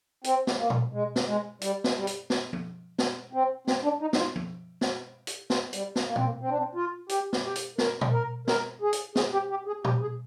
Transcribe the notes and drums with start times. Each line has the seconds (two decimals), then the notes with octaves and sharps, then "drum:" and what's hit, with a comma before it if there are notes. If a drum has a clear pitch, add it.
0.24 C4, drum: hi-hat
0.47 drum: snare
0.58 A#3
0.70 drum: tom A#2
0.93 G#3
1.16 drum: snare
1.26 G#3
1.61 G3, drum: hi-hat
1.84 drum: snare
1.96 G3
2.07 drum: hi-hat
2.30 drum: snare
2.53 drum: tom F3
2.98 drum: snare
3.33 C4
3.67 C4, drum: snare
3.84 D4
4.01 D#4
4.13 D#4, drum: snare
4.18 F4
4.36 drum: tom F3
4.81 drum: snare
5.27 drum: hi-hat
5.50 drum: snare
5.73 G3, drum: hi-hat
5.96 drum: snare
6.07 A#3
6.16 C4, drum: tom A#2
6.25 A#3
6.41 C4
6.49 D4
6.58 C4
6.75 F4
7.09 G4, drum: hi-hat
7.33 drum: snare
7.44 G4
7.56 drum: hi-hat
7.78 A#4, drum: snare
8.01 drum: tom A#2
8.12 A#4
8.48 A#4, drum: snare
8.82 G#4
8.93 drum: hi-hat
9.15 G#4, drum: snare
9.33 G4
9.50 G4
9.67 G#4
9.84 G4, drum: tom A#2
10.01 G#4